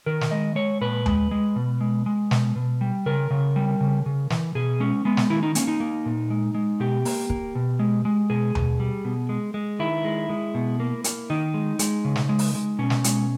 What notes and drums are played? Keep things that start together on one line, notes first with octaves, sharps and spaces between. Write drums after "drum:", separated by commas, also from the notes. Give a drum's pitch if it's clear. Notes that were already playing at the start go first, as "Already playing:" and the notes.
D#3 A#4
drum: snare
G#3 D#5
G#3 C#5
A#2 B4
G#3, drum: tom D#2
G#3
B2
G#3
G#3
B2, drum: snare
B2
G3
C#3 A#4
C#3
G3
C#3
C#3
E3, drum: snare
B2 G#4
G#3 C#4
G#3 B3
drum: snare
D#3 E4
D#4
A#3 C#4, drum: hi-hat
D#4
A#3
A#2
G#3
G#3
B2 G4
A#3, drum: open hi-hat
A#3, drum: kick
B2
G#3
G#3
B2 G#4
B2, drum: tom D#2
G3
B2
G#3
G#3
D#3 E4
G#3
G#3
B2
A#3
A#3, drum: hi-hat
D#3 D#4
G#3
G#3, drum: hi-hat
C#3
drum: snare
G#3
drum: open hi-hat
G#3
B2 C#4
drum: snare
G#3, drum: hi-hat